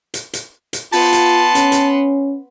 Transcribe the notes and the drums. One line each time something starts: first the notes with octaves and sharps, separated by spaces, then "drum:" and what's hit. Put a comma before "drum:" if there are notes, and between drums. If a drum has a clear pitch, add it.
drum: hi-hat
drum: hi-hat
drum: hi-hat
B3 F4 A5 C6, drum: open hi-hat
drum: hi-hat
C#4, drum: hi-hat
drum: hi-hat